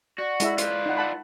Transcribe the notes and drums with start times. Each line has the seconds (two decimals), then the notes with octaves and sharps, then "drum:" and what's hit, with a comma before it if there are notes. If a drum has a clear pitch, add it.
0.18 F#4 D5
0.40 G#3 E4 E5, drum: hi-hat
0.58 F4 B4, drum: hi-hat
0.86 D#4 F#5
0.97 F#5 A5 B5